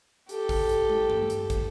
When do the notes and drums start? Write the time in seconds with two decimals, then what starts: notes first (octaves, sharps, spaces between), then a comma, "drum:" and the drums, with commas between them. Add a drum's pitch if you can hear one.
0.29 G4 A4, drum: hi-hat
0.49 drum: kick, open hi-hat
0.69 drum: hi-hat
0.90 drum: tom
1.10 drum: tom G2
1.30 drum: hi-hat
1.50 drum: kick, hi-hat